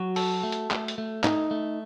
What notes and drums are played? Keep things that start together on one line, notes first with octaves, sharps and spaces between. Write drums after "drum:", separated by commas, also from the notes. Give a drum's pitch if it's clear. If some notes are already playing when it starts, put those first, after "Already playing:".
Already playing: F#3 F#4
A4, drum: open hi-hat
A3
drum: hi-hat
A3, drum: clap
drum: hi-hat
A3
A3 D#4, drum: clap
A3